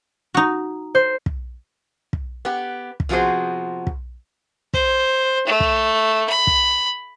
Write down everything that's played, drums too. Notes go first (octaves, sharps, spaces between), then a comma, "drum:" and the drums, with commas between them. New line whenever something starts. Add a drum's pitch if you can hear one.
D#4 F#4
C5
drum: kick
drum: kick
B3 G4
drum: kick
C3 F3 B3 F#4 G#4 C5
drum: kick
C5, drum: kick
A3
drum: kick
B5
drum: kick